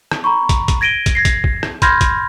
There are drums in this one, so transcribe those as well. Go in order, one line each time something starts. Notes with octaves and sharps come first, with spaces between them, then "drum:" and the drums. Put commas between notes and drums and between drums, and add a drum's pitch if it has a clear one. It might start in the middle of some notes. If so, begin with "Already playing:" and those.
drum: rim click
A#5 B5 C#6
drum: kick, hi-hat
drum: kick, hi-hat
G#6 A#6 D7 D#7 G7
drum: kick, hi-hat
G#6 A#6 C7
drum: kick, hi-hat
drum: kick
drum: rim click
B5 C6 F6 G6 G#6 A#6, drum: kick, hi-hat
drum: kick, hi-hat